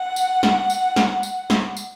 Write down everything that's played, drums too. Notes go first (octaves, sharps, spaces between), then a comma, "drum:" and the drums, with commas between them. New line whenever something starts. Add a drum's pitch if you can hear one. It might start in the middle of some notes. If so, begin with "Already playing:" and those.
Already playing: F#5
drum: tambourine
drum: snare
drum: tambourine
drum: snare
drum: tambourine
drum: snare
drum: tambourine